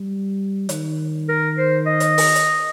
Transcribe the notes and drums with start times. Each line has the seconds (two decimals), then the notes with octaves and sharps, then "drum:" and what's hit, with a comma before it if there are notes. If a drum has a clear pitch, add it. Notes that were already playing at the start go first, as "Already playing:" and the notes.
Already playing: G3
0.69 D#3, drum: hi-hat
1.28 A#4
1.58 C5
1.86 D#5
2.00 drum: hi-hat
2.18 drum: open hi-hat
2.35 drum: hi-hat